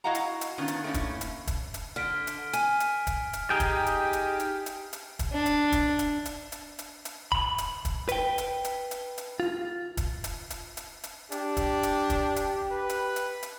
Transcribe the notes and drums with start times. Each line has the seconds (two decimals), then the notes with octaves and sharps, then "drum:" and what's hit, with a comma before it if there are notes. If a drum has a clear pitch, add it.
0.04 E4 F#4 D#5 F5 F#5 A#5
0.15 drum: hi-hat
0.41 drum: hi-hat
0.58 D#3 B3 C#4 D4 F4
0.68 drum: hi-hat
0.84 A3 A#3 C#4 E4
0.94 drum: kick, hi-hat
1.21 drum: hi-hat
1.47 drum: kick, hi-hat
1.74 drum: hi-hat
1.96 D3 F6 B6 D7
2.27 drum: hi-hat
2.53 G#5, drum: hi-hat
2.80 drum: hi-hat
3.07 drum: kick, hi-hat
3.33 drum: hi-hat
3.50 D#4 G4 G#4 G5
3.60 drum: kick, hi-hat
3.86 drum: hi-hat
4.13 drum: hi-hat
4.40 drum: hi-hat
4.66 drum: hi-hat
4.93 drum: hi-hat
5.19 drum: kick, hi-hat
5.34 D4
5.46 drum: hi-hat
5.72 drum: kick, hi-hat
5.99 drum: hi-hat
6.25 drum: hi-hat
6.52 drum: hi-hat
6.79 drum: hi-hat
7.05 drum: hi-hat
7.32 B5, drum: kick
7.58 drum: hi-hat
7.85 drum: kick, hi-hat
8.09 B4 G5, drum: hi-hat
8.38 drum: hi-hat
8.65 drum: hi-hat
8.91 drum: hi-hat
9.18 drum: hi-hat
9.40 F4
9.97 drum: kick, hi-hat
10.24 drum: hi-hat
10.50 drum: hi-hat
10.77 drum: hi-hat
11.04 drum: hi-hat
11.32 D4 G4, drum: hi-hat
11.57 drum: kick, hi-hat
11.83 drum: hi-hat
12.10 drum: kick, hi-hat
12.36 drum: hi-hat
12.71 B4
12.89 drum: hi-hat
13.16 drum: hi-hat
13.43 drum: hi-hat